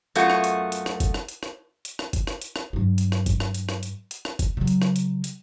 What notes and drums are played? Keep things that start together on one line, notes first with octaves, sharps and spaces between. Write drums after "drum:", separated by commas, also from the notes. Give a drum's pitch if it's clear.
F#2 A3 B3 F4 F#4, drum: hi-hat
drum: rim click
drum: hi-hat
drum: hi-hat
drum: rim click
drum: kick F#1, hi-hat
drum: rim click
drum: hi-hat
drum: rim click
drum: hi-hat
drum: rim click
drum: kick F#1, hi-hat
drum: rim click
drum: hi-hat
drum: rim click
G2 F#3
drum: hi-hat
drum: rim click
drum: kick F#1, hi-hat
drum: rim click
drum: hi-hat
drum: rim click
drum: hi-hat
drum: hi-hat
drum: rim click
drum: kick F#1, hi-hat
C#3 F#3
drum: hi-hat
drum: rim click
drum: hi-hat
drum: hi-hat